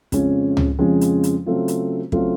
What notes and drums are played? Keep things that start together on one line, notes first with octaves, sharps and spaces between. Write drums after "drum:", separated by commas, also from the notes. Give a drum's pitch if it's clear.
F2 C#3 F3 G#3 C#4, drum: kick, hi-hat
drum: tom C#2
F2 C#3 F3 G#3 C#4
drum: hi-hat
drum: hi-hat
C#3 F#3 A3 C4 F4
drum: hi-hat
C#3 F#3 A3 C4 F4, drum: kick